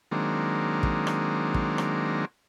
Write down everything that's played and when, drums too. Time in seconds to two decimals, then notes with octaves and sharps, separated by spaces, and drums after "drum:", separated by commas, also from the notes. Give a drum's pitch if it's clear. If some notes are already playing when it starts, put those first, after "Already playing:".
0.11 D#3 F#3 G#3 A#3 C4 D4
0.83 drum: kick
1.07 drum: rim click
1.54 drum: kick
1.78 drum: rim click